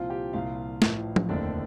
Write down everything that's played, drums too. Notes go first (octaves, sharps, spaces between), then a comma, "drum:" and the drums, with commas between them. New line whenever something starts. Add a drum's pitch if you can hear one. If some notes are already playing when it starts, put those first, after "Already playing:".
Already playing: C2 A#2 F3 C4 F4 F5
G4 G5
C2 A#2 F3 F4 F5
A1 A2 F3, drum: snare
drum: tom
F1 D#2 D3 A3 C4 D4 D5